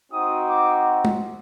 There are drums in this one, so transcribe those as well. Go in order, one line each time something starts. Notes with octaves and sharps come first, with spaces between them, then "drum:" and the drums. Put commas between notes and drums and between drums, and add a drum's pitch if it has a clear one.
C4 D#4 F#4 D#6
D6
drum: tom G#3